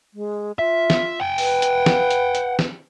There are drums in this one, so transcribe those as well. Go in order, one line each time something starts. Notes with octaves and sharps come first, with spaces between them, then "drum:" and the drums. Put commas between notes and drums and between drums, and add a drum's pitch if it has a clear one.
G#3
F4 E5
drum: snare
F#5 G5
B4, drum: open hi-hat
drum: hi-hat
drum: snare
drum: hi-hat
drum: hi-hat
drum: snare